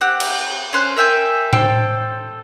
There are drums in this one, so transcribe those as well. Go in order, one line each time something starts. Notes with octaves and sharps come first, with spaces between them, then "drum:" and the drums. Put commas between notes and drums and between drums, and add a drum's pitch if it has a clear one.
C4 G4 F#5
drum: cymbal
C#4 C5 F#6
A#4 E5 G5 G#5
A4 C5 G5, drum: tom A2